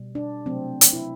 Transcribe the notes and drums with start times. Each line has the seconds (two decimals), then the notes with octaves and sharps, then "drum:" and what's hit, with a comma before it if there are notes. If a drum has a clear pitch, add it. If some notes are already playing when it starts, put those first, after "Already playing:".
Already playing: B2 G3
0.15 D4
0.46 C3 F#3 A3 C4
0.81 drum: hi-hat
0.93 E4